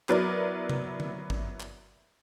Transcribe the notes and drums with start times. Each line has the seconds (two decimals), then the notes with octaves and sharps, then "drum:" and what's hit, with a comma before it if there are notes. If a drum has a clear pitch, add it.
0.09 F#3 B3 E4 A#4 D5, drum: clap
0.69 drum: tom C3
1.00 drum: tom D3
1.30 drum: kick G#1
1.60 drum: clap